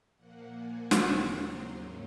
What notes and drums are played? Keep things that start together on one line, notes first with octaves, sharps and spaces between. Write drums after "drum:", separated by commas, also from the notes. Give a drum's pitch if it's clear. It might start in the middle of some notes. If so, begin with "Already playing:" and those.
A#2 F3 A#3 F#5
G#5
D#2 C#3 F#3 C4 A#5, drum: snare
C6
G#2 F#3 A#3 C#4